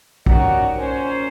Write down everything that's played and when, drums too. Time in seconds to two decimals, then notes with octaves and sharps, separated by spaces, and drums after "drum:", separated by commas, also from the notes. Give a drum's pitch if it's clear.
0.26 C#4 D#4 F#4 G4 A#4 D5, drum: kick
0.77 A#2 C#4 C5